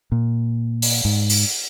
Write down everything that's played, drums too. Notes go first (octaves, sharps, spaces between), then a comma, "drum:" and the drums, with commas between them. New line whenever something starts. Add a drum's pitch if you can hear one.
A#2
drum: open hi-hat
G#2
drum: open hi-hat